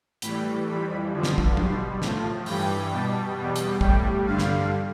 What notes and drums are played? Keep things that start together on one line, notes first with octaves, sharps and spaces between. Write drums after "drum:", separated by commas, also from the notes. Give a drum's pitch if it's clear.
A2 E3 G3 B5, drum: hi-hat
F2 E3 G3 B5
G2 D3 F3
drum: snare
drum: kick
B2 G3 C6, drum: tom
A2 F3 A5, drum: snare
G2 E3 G3 G5, drum: open hi-hat
B2 G3 A5
E2 B2 G3
drum: hi-hat
A2 G3 G5, drum: kick
G2 D3 G3 F5
drum: snare